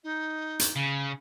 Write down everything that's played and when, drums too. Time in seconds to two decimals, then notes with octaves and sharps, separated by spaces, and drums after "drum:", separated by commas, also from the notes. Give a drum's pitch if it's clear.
0.03 D#4
0.59 drum: hi-hat
0.76 C#3